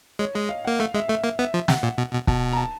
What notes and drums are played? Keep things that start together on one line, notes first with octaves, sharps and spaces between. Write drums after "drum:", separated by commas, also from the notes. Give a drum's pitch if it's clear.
G#3 C#5
G#3 D#5
F5
A#3 F#5
A3 F5
G#3 E5
A3 E5
A#3
B3 E5
F3
C3 F#5, drum: snare
A#2
B2
B2
B2 A5, drum: kick
A#5
A5